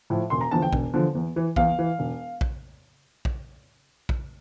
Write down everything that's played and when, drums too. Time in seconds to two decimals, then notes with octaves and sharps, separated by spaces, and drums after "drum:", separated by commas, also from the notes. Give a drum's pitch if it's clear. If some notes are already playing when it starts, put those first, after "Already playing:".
0.10 A2 F3
0.30 E1 C6
0.41 A#5
0.51 E2 D3 F3 A5
0.62 G5
0.73 E1, drum: kick A#1
0.93 E2 D3 F3
1.15 E2
1.36 E3
1.56 E2 F5, drum: kick A#1
1.79 E3
1.99 E1
2.41 drum: kick A#1
3.25 drum: kick A#1
4.09 drum: kick A#1